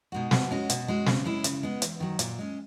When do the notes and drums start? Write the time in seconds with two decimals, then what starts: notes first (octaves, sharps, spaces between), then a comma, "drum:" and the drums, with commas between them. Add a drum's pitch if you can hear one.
0.12 B2 G#3 D#4 F#4
0.31 B2, drum: snare
0.51 G#3 C#4 F#4
0.70 B2, drum: hi-hat
0.88 G#3 C#4 F#4
1.07 C#3, drum: snare
1.25 G#3 C#4 E4
1.44 C#3, drum: hi-hat
1.63 G#3 B3
1.82 E2, drum: hi-hat
2.00 D#3 F#3
2.19 A#2, drum: hi-hat
2.39 G#3 C#4